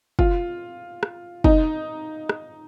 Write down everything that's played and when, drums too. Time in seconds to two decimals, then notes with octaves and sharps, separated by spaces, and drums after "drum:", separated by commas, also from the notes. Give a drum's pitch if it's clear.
0.19 F4, drum: kick
1.03 drum: rim click
1.44 D#4, drum: kick
2.29 drum: rim click